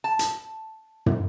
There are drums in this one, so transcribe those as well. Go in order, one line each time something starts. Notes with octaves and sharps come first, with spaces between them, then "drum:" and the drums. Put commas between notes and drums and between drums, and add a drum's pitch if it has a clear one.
A5
drum: hi-hat
drum: tom